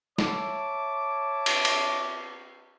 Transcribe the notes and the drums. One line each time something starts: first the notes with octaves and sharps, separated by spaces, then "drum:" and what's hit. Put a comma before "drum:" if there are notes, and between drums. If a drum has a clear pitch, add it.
C#5 E5 A5 D6, drum: snare
drum: cymbal
drum: cymbal